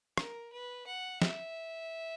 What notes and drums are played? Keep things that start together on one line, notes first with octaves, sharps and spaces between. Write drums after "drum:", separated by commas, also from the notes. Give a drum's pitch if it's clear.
A#4, drum: rim click
B4
F#5
E5, drum: snare